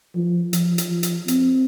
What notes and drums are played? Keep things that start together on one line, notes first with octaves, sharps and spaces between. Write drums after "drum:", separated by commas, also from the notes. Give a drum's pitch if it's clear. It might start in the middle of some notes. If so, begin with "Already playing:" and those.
F3
F3, drum: hi-hat
drum: hi-hat
F3
drum: hi-hat
C4, drum: hi-hat